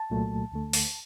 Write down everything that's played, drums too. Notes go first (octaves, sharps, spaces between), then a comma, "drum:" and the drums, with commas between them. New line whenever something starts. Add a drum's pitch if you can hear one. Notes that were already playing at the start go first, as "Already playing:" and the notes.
Already playing: A5
C2 A#2 F#3 A3
D2 D3 A3
drum: open hi-hat